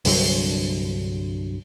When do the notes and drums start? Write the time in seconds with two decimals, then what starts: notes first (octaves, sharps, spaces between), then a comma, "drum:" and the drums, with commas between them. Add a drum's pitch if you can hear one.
0.05 C2 G2 D3 F#3, drum: open hi-hat